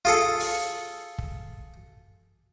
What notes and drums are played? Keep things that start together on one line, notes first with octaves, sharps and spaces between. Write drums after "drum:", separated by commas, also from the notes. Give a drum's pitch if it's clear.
F4 G#4 A4
drum: open hi-hat
drum: kick